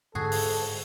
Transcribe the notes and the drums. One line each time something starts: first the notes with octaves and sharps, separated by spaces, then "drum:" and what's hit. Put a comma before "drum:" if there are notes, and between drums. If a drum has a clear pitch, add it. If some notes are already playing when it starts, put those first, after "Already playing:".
G#2 D3 F#4 G#4 A4
drum: open hi-hat